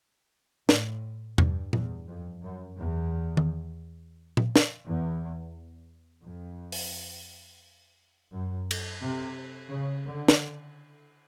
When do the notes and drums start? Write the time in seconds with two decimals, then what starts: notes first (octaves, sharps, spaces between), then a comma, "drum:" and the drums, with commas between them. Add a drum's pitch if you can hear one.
0.69 A2, drum: snare
1.38 G2, drum: tom E2
1.73 E2, drum: tom A#2
2.08 F2
2.42 F#2
2.77 E2
3.37 drum: tom D#3
4.37 drum: tom A#2
4.56 drum: snare
4.85 E2
6.24 F2
6.72 drum: open hi-hat
8.32 F#2
8.71 drum: cymbal
9.01 C3
9.70 C#3
10.05 D3
10.28 drum: snare